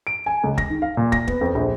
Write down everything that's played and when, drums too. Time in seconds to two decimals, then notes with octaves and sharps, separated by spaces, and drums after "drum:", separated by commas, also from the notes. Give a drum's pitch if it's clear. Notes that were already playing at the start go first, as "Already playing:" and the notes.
0.07 D7
0.26 G#5
0.44 C#2
0.58 A#6, drum: kick
0.70 D#3
0.82 F5
0.97 A#2
1.12 A#6, drum: kick
1.27 B3, drum: kick
1.41 F2
1.55 A#1